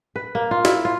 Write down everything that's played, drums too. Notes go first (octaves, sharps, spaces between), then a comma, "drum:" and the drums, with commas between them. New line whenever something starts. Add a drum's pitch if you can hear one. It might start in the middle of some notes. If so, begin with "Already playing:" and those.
B4
A#3
F4
E4, drum: snare
F4